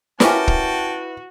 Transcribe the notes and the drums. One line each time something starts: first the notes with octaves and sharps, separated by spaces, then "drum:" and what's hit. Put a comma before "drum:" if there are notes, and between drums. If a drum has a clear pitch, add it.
C#4 E4 F#4 G4 A#4 B4 G5 A5, drum: snare
drum: kick